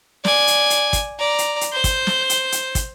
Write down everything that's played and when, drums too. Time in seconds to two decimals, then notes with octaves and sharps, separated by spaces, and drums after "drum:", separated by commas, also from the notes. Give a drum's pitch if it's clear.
0.25 D5 G#5, drum: snare
0.47 drum: hi-hat
0.70 drum: hi-hat
0.93 drum: kick, hi-hat
1.19 D5 A#5
1.38 drum: hi-hat
1.61 drum: hi-hat
1.73 C5 G6
1.84 drum: kick, hi-hat
2.07 drum: snare
2.30 drum: hi-hat
2.52 drum: hi-hat
2.75 drum: kick, hi-hat